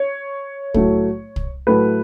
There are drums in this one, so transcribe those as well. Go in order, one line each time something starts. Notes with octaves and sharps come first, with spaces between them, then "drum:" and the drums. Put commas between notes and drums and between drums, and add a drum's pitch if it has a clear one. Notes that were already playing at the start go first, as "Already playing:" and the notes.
Already playing: C#5
A2 F#3 A3, drum: kick
drum: kick
A2 F#3 A3 B4